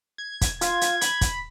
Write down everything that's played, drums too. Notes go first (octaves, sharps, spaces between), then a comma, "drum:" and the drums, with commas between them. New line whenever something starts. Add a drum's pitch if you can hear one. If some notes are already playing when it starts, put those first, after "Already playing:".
G#6
drum: kick, hi-hat
F4 G#6, drum: hi-hat
drum: hi-hat
B5, drum: hi-hat
drum: kick, hi-hat